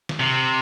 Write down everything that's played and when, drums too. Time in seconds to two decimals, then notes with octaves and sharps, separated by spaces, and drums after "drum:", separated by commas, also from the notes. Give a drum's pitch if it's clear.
0.09 drum: snare
0.20 C3